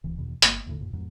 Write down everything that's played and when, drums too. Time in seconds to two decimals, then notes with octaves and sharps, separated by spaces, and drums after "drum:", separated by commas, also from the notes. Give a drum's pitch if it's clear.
0.04 D1 E3
0.18 E2 B2 D#3
0.42 G1 G3 A#3, drum: hi-hat
0.66 A#1 D#2 A2 D3
0.81 F#2 A#2
0.93 F2 A2 F#3